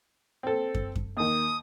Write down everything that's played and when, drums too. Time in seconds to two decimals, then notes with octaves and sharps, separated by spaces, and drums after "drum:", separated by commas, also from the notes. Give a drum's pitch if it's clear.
0.43 C4 A4
0.75 drum: kick
0.96 drum: kick
1.17 D#2 D#3 D#6